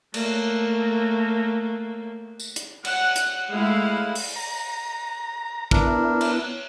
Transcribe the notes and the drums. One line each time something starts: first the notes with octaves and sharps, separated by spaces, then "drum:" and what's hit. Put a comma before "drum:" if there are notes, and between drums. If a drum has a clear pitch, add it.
A3 A#3, drum: cymbal
drum: tambourine
drum: hi-hat
F#5, drum: cymbal
drum: hi-hat
G#3 A3 E4 F5 F#5
drum: open hi-hat
A#5
B3 D4 E4 A#4, drum: kick
drum: cymbal